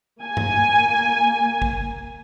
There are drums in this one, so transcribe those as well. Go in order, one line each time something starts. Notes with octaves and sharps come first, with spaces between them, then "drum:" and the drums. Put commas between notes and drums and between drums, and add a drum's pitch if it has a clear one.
A#3 G#5
drum: tom G2
drum: kick